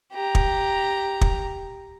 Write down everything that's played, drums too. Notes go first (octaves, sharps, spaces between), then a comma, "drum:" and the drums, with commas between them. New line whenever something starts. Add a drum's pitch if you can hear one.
G4 A#5
drum: kick
drum: kick